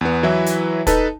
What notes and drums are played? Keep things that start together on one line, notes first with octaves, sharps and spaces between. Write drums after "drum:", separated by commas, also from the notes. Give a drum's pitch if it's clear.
E2 B3
E3 F#3 E4 B4 E5
drum: hi-hat
D#4 A4 B4 A5, drum: kick, hi-hat